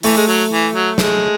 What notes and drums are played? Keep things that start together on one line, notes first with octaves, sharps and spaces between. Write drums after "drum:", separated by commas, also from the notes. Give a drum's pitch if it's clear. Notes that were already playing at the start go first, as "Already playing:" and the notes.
E3 A3, drum: open hi-hat
G#3
F#3
E3
F#3
G#3, drum: snare